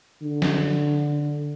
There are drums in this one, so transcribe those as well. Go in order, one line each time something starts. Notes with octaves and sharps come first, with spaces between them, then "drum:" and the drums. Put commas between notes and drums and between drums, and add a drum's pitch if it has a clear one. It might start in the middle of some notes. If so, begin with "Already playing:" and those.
D3
drum: snare